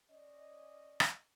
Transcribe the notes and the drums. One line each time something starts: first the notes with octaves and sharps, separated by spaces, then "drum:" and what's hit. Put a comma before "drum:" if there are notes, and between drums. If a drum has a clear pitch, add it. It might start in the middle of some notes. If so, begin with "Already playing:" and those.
C#4 D5 D#5
drum: rim click